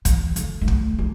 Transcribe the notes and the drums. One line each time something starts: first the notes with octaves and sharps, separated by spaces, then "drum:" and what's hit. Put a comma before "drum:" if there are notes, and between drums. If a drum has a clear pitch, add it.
E3, drum: kick, hi-hat
D3, drum: hi-hat
A#3
A3, drum: kick
A#3